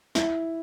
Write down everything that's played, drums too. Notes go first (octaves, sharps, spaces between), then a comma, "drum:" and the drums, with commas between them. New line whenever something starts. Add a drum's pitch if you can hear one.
E4, drum: snare